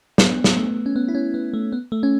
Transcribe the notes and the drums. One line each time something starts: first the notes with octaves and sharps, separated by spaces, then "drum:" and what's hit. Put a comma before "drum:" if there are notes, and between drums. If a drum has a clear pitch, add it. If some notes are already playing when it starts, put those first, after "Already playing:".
B3, drum: snare
drum: snare
A3
C#4
B3
E4
C#4
B3
A3
B3
A3
C#4